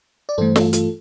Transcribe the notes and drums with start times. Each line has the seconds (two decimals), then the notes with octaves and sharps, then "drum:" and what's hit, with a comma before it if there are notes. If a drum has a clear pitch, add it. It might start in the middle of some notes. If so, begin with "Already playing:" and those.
0.29 D5
0.38 G2 E3 A3 A4 C5
0.56 F4 A4, drum: snare
0.73 F4 A4, drum: hi-hat